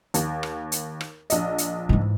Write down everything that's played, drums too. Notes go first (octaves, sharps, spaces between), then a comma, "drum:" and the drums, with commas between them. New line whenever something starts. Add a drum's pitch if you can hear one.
D#2, drum: hi-hat
drum: rim click
drum: hi-hat
drum: rim click
A#1 D#5, drum: hi-hat
drum: hi-hat
G#2 E3